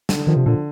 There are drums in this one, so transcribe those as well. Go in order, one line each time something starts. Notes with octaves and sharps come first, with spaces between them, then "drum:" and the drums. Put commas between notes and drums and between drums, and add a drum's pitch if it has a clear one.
D3, drum: snare
D#3 F3
C3
A#2 D3